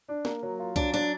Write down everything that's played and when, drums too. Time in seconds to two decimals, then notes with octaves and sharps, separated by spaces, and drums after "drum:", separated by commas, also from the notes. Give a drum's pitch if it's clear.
0.08 D4
0.25 A#3, drum: snare
0.43 F#3
0.60 F4
0.76 F#3 D4, drum: kick C2
0.94 F#3 D4